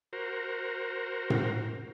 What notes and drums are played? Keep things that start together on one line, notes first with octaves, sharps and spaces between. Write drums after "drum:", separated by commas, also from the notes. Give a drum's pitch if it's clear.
F#4 A#4 C5
drum: tom A2